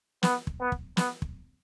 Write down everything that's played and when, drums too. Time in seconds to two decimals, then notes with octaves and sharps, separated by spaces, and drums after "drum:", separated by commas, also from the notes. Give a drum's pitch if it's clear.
0.23 B3, drum: snare
0.47 drum: kick
0.60 B3
0.72 drum: kick
0.97 B3, drum: snare
1.22 drum: kick